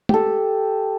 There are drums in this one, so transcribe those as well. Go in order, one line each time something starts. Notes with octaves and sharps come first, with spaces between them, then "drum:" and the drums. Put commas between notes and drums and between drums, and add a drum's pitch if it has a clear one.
G4 A4, drum: tom